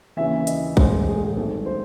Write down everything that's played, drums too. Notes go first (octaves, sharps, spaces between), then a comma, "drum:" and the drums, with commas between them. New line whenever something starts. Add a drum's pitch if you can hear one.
D#2 C#3 E3 E5
D#5, drum: hi-hat
A1 A2 G#3 C5, drum: kick A#1
G#4
A4
G#4
G#1 G#2 F#3 A3 A4
C5